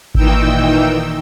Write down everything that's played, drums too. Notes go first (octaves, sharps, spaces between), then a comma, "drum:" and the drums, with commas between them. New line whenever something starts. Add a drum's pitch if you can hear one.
A#2 D#3 E3 D#4 G5 E6, drum: kick G#1